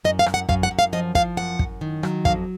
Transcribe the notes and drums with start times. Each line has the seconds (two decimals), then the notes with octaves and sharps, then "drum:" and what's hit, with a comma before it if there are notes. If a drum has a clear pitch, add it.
0.04 F#2 D#5
0.19 F5
0.26 F#2, drum: rim click
0.34 F#5
0.49 F#2 F5, drum: kick
0.63 F#5
0.71 F#2
0.79 F5
0.93 F3 D#5
1.15 F3 F5, drum: kick
1.37 F#2 F#5
1.59 F#2, drum: kick
1.81 D#3
2.03 F#3, drum: rim click
2.25 F2 F5, drum: kick